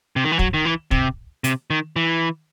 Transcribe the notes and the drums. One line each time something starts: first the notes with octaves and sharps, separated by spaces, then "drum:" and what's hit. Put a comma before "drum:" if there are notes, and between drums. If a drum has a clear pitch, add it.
C3
D#3
E3
F#3, drum: kick
D#3
E3
C3, drum: kick
C3, drum: hi-hat
D#3
E3